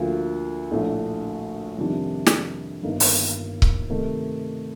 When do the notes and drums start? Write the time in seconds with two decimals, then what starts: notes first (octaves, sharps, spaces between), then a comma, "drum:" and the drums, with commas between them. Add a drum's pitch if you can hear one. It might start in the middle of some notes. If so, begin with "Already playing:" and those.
Already playing: D2 D3 F3 A#3 F4
0.71 A#1 A2 A3 D4
1.78 F2 C3 D#3 G3 D4
2.27 drum: snare
2.83 G1 G2 D#3 A#3 D#4
3.00 drum: open hi-hat
3.62 drum: kick C#1
3.90 C3 D#3 A3 D#4 A#4